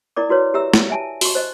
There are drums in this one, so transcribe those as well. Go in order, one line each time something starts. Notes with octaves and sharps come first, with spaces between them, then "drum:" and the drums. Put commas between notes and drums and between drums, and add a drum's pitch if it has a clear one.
E4 A#4 D5 D6
E4 F#4 B4 C#5
G4 E5 A#5 E6
drum: snare
E5 G#5 A5
F#4 C#6, drum: open hi-hat
C5 D#5